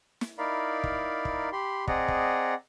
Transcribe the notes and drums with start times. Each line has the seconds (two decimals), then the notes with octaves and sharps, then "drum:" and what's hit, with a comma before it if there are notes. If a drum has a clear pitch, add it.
0.21 drum: snare
0.38 D#4 E4 A#4 D5 F5 B5
0.84 drum: kick
1.25 drum: kick
1.52 G4 B5 C6
1.88 C4 G#4 D5 D#5 F#5 A#5, drum: kick
2.08 drum: kick